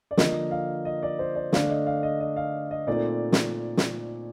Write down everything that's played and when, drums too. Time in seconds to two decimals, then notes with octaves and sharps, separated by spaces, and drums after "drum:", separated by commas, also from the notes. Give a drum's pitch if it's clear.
0.11 D5
0.17 D3 F3 A#3 D#5, drum: snare
0.51 F5
0.85 D#5
1.03 D5
1.19 C5
1.35 D5
1.52 D3 A3 D4 F5, drum: snare
1.70 D#5
1.86 F5
2.03 D#5
2.21 D#5
2.36 F5
2.71 D#5
2.87 A#2 A3 C4 D#4 D5
3.32 drum: snare
3.77 drum: snare